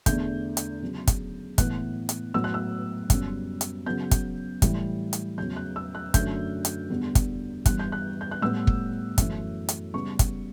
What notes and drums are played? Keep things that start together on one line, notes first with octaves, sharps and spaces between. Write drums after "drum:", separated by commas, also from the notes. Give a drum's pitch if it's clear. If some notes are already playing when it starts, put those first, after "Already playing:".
E2 D3 A3 G6, drum: kick, hi-hat
drum: hi-hat
C#3 F#3 B3
drum: kick, hi-hat
A2 E3 B3 F#6, drum: kick, hi-hat
drum: hi-hat
A2 F#3 B3 E6
F#6
E6
F#2 C#3 G3 B3, drum: kick, hi-hat
drum: hi-hat
C#3 F#3 B3 G6
drum: kick, hi-hat
A2 E3 G3, drum: kick, hi-hat
drum: hi-hat
E2 C#3 F#3 A3 G6
F#6
E6
F#6
F#2 D3 A3 G6, drum: kick, hi-hat
drum: hi-hat
E2 D3 G3 B3
drum: kick, hi-hat
G2 E3 G3 B3 F#6, drum: kick, hi-hat
G6
F#6
G6
F#6
A2 G3 B3 E6
drum: kick
F#2 E3 A3, drum: kick, hi-hat
drum: hi-hat
C#3 G3 B3 C#6
drum: kick, hi-hat